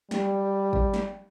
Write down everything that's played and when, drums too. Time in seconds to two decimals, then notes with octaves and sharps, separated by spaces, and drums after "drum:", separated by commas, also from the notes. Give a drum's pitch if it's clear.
0.11 G3, drum: snare
0.73 drum: kick
0.94 drum: snare